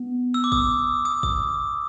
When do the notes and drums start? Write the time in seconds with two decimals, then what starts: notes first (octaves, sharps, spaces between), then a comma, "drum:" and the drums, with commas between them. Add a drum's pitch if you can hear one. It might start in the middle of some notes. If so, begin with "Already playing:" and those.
Already playing: B3
0.34 E6
0.44 D6
0.52 D#6, drum: kick
1.05 D#6
1.23 D#6, drum: kick